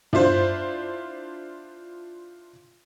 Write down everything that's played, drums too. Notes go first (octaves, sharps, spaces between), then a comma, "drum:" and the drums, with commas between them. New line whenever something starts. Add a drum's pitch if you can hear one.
D4 E4 F4 C5, drum: tom